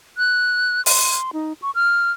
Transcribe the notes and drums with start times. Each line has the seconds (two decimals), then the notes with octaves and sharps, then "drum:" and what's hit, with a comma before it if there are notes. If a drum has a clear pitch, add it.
0.18 F#6
0.86 C6, drum: open hi-hat
1.33 D#4
1.62 C#6
1.75 F6